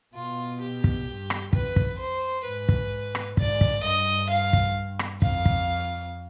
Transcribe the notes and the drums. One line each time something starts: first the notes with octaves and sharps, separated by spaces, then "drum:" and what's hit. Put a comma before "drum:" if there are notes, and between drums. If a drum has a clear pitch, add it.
B2 F4
G4
drum: kick
G2
drum: rim click
F2 B4, drum: kick
drum: kick
C5
G#2 B4
drum: kick
drum: rim click
G#2 D5, drum: kick
drum: kick
G2 D#5
F5
drum: kick
drum: rim click
F2 F5, drum: kick
drum: kick